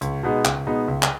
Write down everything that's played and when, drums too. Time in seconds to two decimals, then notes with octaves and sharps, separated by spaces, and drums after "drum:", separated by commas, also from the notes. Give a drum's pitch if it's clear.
0.01 C#2, drum: hi-hat
0.23 B2 G#3 B3 D#4
0.45 C#2, drum: clap
0.67 B2 G#3 B3 D#4
0.88 C#2
1.03 drum: clap